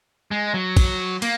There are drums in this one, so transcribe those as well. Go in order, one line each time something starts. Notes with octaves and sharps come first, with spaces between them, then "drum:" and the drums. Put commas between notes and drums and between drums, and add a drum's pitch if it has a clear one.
G#3
F#3
drum: kick B1, cymbal
A#3, drum: cymbal